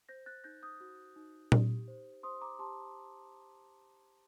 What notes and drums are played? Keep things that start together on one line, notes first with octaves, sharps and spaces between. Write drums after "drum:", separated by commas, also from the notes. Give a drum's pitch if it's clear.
C5 G6 A#6
F#6 A6
D#4 G6 A#6
D#6 G6
F#4
D#4
G4, drum: tom A#2
C5
C5 C6 D#6
A#5 D6
G4 A5 C6